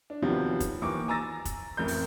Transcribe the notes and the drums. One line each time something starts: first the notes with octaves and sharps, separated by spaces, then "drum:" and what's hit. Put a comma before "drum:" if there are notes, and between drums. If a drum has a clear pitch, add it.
D4
D#2 C3 F3 F#3 B3
drum: kick F1, hi-hat
D#2 E3 F3 A#3 C#6 D6
G#5 A#5 E6 A6 A#6
drum: kick F1, hi-hat
A1 F2 A#4 G6
drum: open hi-hat